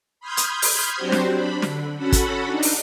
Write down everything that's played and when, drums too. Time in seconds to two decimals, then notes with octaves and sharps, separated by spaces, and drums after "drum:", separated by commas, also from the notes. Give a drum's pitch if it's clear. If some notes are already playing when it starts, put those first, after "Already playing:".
0.20 B5 C6 D#6 F6 G6 G#6
0.37 drum: hi-hat
0.62 drum: open hi-hat
0.96 F#3 C4 D4 F#4 G4 C5
1.12 drum: snare
1.33 D4 B5
1.62 D3, drum: snare
1.96 C#4 F#4 A4 F#5 B5
2.12 drum: kick, hi-hat
2.44 D4 D#4
2.63 drum: open hi-hat